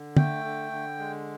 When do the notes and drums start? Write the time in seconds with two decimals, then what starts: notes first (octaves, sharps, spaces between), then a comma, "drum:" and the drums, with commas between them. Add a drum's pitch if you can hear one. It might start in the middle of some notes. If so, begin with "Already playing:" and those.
Already playing: D3
0.17 A3 G5, drum: tom
0.45 D3
0.72 D3
0.99 G#3